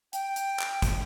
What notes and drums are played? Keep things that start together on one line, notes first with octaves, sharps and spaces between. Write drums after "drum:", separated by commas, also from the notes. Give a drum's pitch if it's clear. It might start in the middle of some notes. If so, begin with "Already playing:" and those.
G5, drum: hi-hat
drum: hi-hat
drum: clap
drum: kick, hi-hat